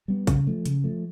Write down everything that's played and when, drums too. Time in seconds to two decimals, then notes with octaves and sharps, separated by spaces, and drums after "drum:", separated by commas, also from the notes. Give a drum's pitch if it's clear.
0.08 G3 B3
0.27 C#3, drum: kick, hi-hat
0.47 F3 A3
0.66 C#3, drum: hi-hat
0.84 F3 A3